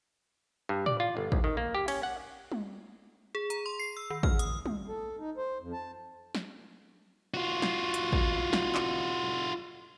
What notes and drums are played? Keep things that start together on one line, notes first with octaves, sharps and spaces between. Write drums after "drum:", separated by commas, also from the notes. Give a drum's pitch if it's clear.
G2
D5, drum: tom A2
F4
G1
A#1, drum: kick
D#3
A#3
G4
C#4, drum: cymbal
F#5
drum: tom G3
G#4
A#5, drum: hi-hat
C6
C7
E6
D#3
F6, drum: kick
D#6, drum: hi-hat
drum: tom G3
A4
D#4
C5
F2
A5
drum: snare
F4 F#4
drum: snare
drum: hi-hat
drum: kick
drum: snare
drum: clap